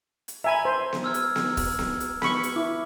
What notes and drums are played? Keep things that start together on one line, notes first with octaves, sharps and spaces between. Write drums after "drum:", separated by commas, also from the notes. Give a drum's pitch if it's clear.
drum: hi-hat
E5 G#5 A#5 B5
C5
drum: snare B3
E6 F6 G#6
drum: hi-hat
drum: snare B3
drum: kick, open hi-hat
drum: snare B3
drum: hi-hat
B5 C#6, drum: snare B3
drum: hi-hat
E4 D6